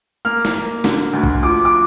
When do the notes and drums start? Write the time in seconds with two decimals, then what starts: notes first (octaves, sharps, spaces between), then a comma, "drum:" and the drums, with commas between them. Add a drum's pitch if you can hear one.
0.25 A#3 F6
0.45 drum: snare
0.54 A#3
0.84 D3, drum: snare
1.13 D2
1.23 drum: kick A#1
1.43 F3 D6
1.65 D6